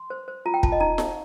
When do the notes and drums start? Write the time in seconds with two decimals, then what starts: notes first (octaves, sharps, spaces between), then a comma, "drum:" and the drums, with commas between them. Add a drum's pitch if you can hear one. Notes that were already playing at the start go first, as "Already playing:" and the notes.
Already playing: C6
0.10 C5
0.28 C5
0.46 F4 A#5
0.54 G5
0.63 F4 A5, drum: kick
0.72 D#5
0.80 D#4 A#5
0.98 D#4, drum: snare F4